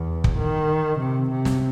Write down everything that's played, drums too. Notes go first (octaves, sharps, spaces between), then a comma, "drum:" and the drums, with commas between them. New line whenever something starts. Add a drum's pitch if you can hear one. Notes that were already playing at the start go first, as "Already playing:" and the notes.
Already playing: E2
drum: kick
D#3
C3
C3
drum: snare